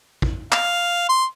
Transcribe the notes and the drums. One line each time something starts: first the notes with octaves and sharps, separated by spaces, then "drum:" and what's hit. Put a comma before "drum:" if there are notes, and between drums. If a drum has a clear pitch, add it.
drum: kick
F5, drum: clap
C6